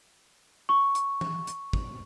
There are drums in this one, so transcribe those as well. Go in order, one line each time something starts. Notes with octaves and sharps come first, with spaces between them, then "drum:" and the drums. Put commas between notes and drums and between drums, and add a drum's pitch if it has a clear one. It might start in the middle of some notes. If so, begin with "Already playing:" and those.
C#6
drum: hi-hat
drum: tom E3
drum: hi-hat
drum: kick